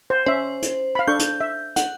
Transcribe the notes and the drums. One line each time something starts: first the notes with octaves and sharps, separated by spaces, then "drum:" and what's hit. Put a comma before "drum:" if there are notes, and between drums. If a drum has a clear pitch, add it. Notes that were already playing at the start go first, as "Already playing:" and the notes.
C5
C#4 C5 E5
drum: hi-hat
F5 B5
D4 A4 C#6 G6
drum: hi-hat
E5
F#5, drum: hi-hat